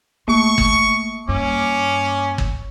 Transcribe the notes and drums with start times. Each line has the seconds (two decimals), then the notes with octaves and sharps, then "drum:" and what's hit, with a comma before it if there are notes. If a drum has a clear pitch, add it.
0.28 A3 A#3 C#6
0.58 drum: kick
1.28 G2 C#4 D6
2.38 drum: kick